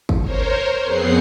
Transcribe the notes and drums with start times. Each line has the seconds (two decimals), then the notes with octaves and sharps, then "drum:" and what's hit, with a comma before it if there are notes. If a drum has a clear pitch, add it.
0.09 drum: kick
0.21 A#4 C5 C#5
0.85 F2 B3 C4 G#4 F#5 C7